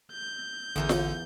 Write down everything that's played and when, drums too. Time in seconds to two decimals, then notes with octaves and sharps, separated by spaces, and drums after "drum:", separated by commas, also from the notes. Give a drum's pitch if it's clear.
0.12 G6
0.76 A1 E2 D3 E3 A#4
0.89 drum: snare F4